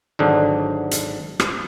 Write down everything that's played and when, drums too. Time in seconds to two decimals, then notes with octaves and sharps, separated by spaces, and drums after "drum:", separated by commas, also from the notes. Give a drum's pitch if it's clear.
0.19 G#1 G#2 D3 F#3 D4
0.91 drum: hi-hat
1.40 drum: rim click